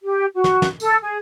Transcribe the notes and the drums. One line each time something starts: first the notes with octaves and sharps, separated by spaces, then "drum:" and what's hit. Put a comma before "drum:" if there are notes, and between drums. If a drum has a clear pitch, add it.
G4
F#4
drum: snare
drum: snare
A4, drum: tambourine
G#4